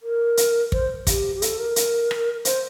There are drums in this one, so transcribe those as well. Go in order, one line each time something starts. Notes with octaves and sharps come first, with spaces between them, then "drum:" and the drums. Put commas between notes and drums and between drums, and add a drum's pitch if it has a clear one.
A#4
drum: hi-hat
C5, drum: kick
G4, drum: kick, hi-hat
G4
A4, drum: hi-hat
A#4
drum: hi-hat
drum: rim click
C5, drum: hi-hat